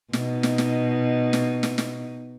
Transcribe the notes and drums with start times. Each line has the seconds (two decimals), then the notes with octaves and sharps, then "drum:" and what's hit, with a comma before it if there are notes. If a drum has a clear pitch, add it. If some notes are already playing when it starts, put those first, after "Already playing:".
0.13 B2 D#4, drum: snare
0.43 drum: snare
0.58 drum: snare
1.33 drum: snare
1.63 drum: snare
1.78 drum: snare